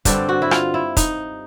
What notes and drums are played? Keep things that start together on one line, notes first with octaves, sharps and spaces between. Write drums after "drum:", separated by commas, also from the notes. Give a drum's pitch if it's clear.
G2 D3 G3 C4 G4, drum: kick, hi-hat
F#4
E4
F4, drum: rim click
E4
D#4, drum: kick, hi-hat